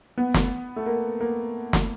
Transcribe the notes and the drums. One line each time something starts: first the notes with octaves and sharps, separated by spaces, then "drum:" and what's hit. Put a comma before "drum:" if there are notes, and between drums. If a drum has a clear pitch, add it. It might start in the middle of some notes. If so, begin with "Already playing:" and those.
B3
drum: snare
A3
A#3
A#3
drum: snare